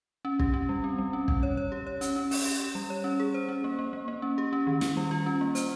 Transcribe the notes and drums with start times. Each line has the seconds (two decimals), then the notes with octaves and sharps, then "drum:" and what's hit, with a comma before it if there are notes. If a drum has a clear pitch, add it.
0.25 C#4
0.39 G4, drum: kick
0.54 C#4
0.69 G3
0.84 C4
0.98 G3
1.13 C#4
1.28 C#4, drum: kick
1.43 C#5
1.57 C#5
1.72 G4
1.87 C#5
2.01 C#4, drum: hi-hat
2.16 C#4
2.31 C#4, drum: open hi-hat
2.45 G4
2.61 G4
2.75 G3
2.90 C#5
3.04 C#4
3.20 G#4
3.34 C5
3.49 C#4
3.64 A#3
3.79 A#3
3.93 A#3
4.08 A#3
4.22 C#4
4.38 G4
4.53 C#4
4.67 D#3
4.81 D#3, drum: snare
4.97 G3
5.11 F4
5.26 C#4
5.41 A#3
5.55 C5, drum: hi-hat